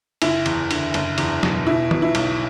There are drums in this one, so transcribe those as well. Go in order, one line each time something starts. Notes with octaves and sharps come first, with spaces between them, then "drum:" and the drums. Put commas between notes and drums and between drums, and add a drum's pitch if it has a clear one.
F#1 E4, drum: cymbal
E2, drum: cymbal
D3, drum: cymbal
F#1, drum: cymbal
E2, drum: cymbal
B2, drum: snare
B2 E4
B2, drum: tom
E4
B1, drum: cymbal